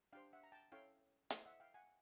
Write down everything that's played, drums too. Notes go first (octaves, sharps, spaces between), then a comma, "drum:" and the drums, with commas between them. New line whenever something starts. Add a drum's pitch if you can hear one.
D4 G4 C5 F5 G5
E5 F#5
A#5
G5 A5
C#4 E4 A4 C#5 F5 G5
E4 A4 C5 D#5 F5, drum: hi-hat
E5 F#5
F5 G5
F#5 G#5